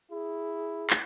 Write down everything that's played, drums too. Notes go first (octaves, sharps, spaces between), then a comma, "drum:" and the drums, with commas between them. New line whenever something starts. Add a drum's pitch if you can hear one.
E4 G#4
drum: clap